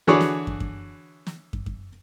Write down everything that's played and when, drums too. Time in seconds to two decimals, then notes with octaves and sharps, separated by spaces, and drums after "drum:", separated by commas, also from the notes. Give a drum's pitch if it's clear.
0.07 D3 E3 F#4 G#4 C#5 D5
0.21 drum: snare
0.47 drum: kick
0.60 drum: kick
1.27 drum: snare
1.53 drum: kick
1.66 drum: kick